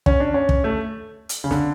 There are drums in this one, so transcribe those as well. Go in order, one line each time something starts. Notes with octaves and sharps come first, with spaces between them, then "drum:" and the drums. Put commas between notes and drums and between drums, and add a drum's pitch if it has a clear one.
C#4, drum: kick
D4
C#4
drum: kick
A3
drum: hi-hat
C#3
D3, drum: snare